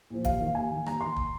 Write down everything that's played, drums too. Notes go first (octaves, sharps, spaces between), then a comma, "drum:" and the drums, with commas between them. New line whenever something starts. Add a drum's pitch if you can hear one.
A#2 F3
D#2 F5, drum: kick, hi-hat
D#3
D#2 G#5
D#3
D#2 A#5, drum: rim click
D#3 C6
drum: kick